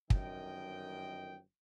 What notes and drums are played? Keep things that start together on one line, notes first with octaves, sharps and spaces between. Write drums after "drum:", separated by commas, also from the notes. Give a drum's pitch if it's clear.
G1 F#2 D#3 D#5 G5, drum: kick